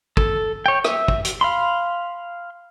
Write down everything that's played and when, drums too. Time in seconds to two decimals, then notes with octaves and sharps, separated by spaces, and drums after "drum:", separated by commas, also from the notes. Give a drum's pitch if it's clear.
0.17 A4, drum: kick
0.66 C#5 G5
0.84 E5, drum: rim click
1.08 drum: kick
1.25 drum: hi-hat
1.41 F5 B5 C6